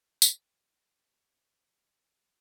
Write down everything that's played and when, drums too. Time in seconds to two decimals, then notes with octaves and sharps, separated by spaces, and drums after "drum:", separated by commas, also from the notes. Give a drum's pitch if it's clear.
0.22 F#3, drum: tambourine
0.95 C4 C#4 G4